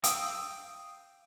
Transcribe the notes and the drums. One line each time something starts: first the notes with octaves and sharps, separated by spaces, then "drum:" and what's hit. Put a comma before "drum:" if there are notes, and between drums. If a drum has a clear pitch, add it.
F5 G5 D#6 E6, drum: hi-hat